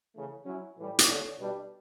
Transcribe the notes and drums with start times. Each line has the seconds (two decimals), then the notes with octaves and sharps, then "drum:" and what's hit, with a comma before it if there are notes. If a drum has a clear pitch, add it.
0.15 C#3 E3 A3
0.46 F#3 C#4 E4
0.78 A2 E3 G3
0.99 drum: hi-hat
1.09 D3 A3 C#4
1.39 B2 G3 B3 D4